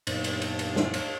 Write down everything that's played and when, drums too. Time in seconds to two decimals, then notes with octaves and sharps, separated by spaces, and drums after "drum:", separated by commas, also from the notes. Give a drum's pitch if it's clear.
0.07 F#2 A#2 B3 D#4, drum: cymbal
0.24 drum: cymbal
0.42 drum: cymbal
0.59 drum: cymbal
0.76 drum: snare
0.94 drum: cymbal